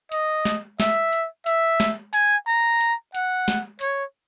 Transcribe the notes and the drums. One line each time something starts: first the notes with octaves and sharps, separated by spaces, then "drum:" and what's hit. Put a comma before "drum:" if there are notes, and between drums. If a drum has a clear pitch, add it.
D#5, drum: hi-hat
drum: snare
E5, drum: snare
drum: hi-hat
E5, drum: hi-hat
drum: snare
G#5, drum: hi-hat
A#5
drum: hi-hat
F#5, drum: hi-hat
drum: snare
C#5, drum: hi-hat